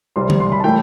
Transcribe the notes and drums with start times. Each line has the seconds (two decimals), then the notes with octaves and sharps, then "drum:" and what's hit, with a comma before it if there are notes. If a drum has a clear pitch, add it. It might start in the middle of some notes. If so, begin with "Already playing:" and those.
0.16 C2 C3 G3 C4 C6
0.30 drum: tom C#3
0.40 C6
0.52 B5
0.60 A5
0.64 E3 A3 G5